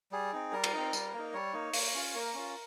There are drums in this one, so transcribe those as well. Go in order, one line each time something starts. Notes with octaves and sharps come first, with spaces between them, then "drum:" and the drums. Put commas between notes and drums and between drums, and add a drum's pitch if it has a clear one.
G3 G#4
C4 D#4
G3 A#4
drum: cymbal
C4 D#4
G3, drum: tambourine
A#3 D#4
G3 C#5
A#3 D#4
A#3, drum: open hi-hat
C#4 F4
A#3 A#4
C#4 F4